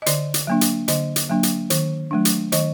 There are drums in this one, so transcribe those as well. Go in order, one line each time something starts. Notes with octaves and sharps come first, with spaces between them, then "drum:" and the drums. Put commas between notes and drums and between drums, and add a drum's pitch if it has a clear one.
D#5
D3 D5, drum: hi-hat
drum: hi-hat
F#3 A#3 D4
drum: hi-hat
D3 D#5, drum: hi-hat
drum: hi-hat
F#3 A#3 D4
drum: hi-hat
D#3, drum: hi-hat
F#3 A3 D4
drum: hi-hat
D#3 D#5, drum: hi-hat